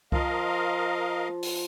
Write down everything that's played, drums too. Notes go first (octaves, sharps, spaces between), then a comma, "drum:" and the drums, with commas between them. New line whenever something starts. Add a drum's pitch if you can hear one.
F3 F4 A#4 D#5 F5, drum: kick C2
drum: open hi-hat